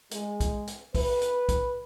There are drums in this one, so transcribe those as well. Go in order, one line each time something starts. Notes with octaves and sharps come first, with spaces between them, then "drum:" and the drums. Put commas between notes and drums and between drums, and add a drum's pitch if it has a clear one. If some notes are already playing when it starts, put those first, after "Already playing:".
G#3, drum: hi-hat
drum: kick, hi-hat
drum: hi-hat
B4, drum: kick, open hi-hat
drum: hi-hat
drum: kick, hi-hat